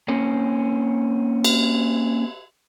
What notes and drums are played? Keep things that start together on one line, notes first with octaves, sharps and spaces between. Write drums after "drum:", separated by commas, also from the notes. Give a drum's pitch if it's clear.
A#3 C4 C#4
drum: cymbal